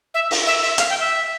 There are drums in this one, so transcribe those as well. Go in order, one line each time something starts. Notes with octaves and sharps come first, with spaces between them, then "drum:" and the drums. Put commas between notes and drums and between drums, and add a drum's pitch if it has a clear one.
E5
drum: open hi-hat
E5
E5
F5, drum: hi-hat
G5
E5